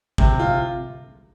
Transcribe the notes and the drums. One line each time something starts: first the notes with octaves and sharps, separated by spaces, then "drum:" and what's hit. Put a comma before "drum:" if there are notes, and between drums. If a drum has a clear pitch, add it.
C3, drum: kick
F4